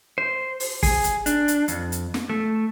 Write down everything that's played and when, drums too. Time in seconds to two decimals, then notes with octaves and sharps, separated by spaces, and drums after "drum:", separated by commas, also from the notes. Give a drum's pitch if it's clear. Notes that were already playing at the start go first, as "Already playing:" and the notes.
0.18 C5
0.60 drum: open hi-hat
0.83 G#4, drum: kick, open hi-hat
1.04 drum: hi-hat
1.26 D4, drum: hi-hat
1.48 drum: hi-hat
1.68 F2, drum: hi-hat
1.92 drum: hi-hat
2.14 drum: snare
2.29 A3